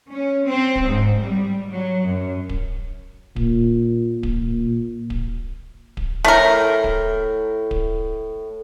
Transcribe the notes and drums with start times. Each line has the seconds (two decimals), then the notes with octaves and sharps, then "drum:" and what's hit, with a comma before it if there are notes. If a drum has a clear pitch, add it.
0.10 C#4
0.44 C4
0.76 drum: kick D1
0.87 G#2
1.21 G3
1.69 F#3
2.04 F#2
2.49 drum: kick D1
3.36 A#2, drum: kick D1
4.23 drum: kick D1
4.43 A#2
5.10 drum: kick D1
5.97 drum: kick D1
6.25 A2 A3 A#4
6.84 drum: kick D1
7.71 drum: kick D1